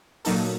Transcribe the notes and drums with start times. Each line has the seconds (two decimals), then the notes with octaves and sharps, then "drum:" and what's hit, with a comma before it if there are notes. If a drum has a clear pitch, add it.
0.25 A#2 F#3 A#3 D#4 A4, drum: open hi-hat